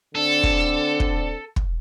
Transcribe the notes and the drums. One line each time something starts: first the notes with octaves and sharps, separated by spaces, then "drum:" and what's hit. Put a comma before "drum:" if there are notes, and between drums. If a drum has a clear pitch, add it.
D3 C4 D4 A4
drum: kick
drum: kick
drum: kick